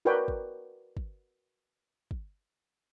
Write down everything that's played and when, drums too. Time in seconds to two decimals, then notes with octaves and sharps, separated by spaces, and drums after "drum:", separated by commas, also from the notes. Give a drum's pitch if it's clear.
0.05 F#4 A#4 B4 C#5 D5 G5
0.28 drum: kick
0.97 drum: kick
2.11 drum: kick